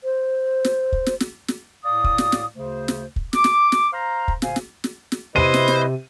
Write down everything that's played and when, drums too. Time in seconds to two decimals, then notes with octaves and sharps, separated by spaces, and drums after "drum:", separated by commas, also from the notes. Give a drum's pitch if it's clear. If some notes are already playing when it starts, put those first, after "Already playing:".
0.04 C5
0.65 drum: snare
0.92 drum: kick
1.06 drum: snare
1.20 drum: snare
1.48 drum: snare
1.84 A2 D5 F5 D#6
2.04 drum: kick
2.18 drum: snare
2.32 drum: snare
2.55 D2 C#3 A3 C5
2.88 drum: snare
3.16 drum: kick
3.33 D6, drum: snare
3.44 drum: snare
3.72 drum: snare
3.92 C5 F5 A#5
4.28 drum: kick
4.42 A#2 D3 C5 F5 G#5, drum: snare
4.56 drum: snare
4.84 drum: snare
5.12 drum: snare
5.36 C3 E4 B4 C5 D#5 D#7
5.54 drum: snare
5.68 drum: snare